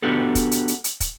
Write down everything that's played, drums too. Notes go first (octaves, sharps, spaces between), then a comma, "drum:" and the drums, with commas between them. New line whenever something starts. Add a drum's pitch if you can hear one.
B3 D4 F#4 G4 A4
drum: kick, hi-hat
drum: hi-hat
drum: hi-hat
drum: hi-hat
drum: kick, hi-hat